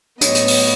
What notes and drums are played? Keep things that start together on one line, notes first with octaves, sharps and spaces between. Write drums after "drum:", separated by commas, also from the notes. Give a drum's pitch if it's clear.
A2 F#3 B3 C#5 D#5, drum: hi-hat
drum: hi-hat
drum: open hi-hat